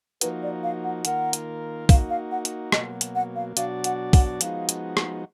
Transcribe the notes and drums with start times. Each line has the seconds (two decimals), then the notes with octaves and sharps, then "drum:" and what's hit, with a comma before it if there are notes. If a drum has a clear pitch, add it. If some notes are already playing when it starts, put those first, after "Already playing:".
0.21 F3 A#3 D#4 F#4 B4, drum: hi-hat
0.43 D5
0.63 F5
0.84 F#5
1.05 D#3 A#3 F4 A#4 F#5, drum: hi-hat
1.33 drum: hi-hat
1.89 A#3 D#4 F#4 F5, drum: kick B1, open hi-hat
2.10 F5
2.31 F#5
2.45 drum: hi-hat
2.72 B2 F#3 A#3 D#5, drum: rim click
3.01 drum: hi-hat
3.15 F#5
3.36 F5
3.57 B2 F#3 D4 F#4 D5 F5, drum: hi-hat
3.84 F#5, drum: hi-hat
4.13 F#5, drum: kick B1, open hi-hat
4.41 F3 G#3 B3 D#4 F#4 F5, drum: hi-hat
4.69 drum: hi-hat
4.97 drum: rim click